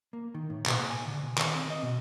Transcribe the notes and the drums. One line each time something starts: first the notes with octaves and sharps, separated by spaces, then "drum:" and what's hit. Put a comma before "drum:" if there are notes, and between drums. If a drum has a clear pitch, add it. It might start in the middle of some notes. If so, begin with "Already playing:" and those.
A#3
D#3
A2
B2, drum: clap
A#2
G#5
D3
B2
D#3, drum: clap
C4
D#5
B2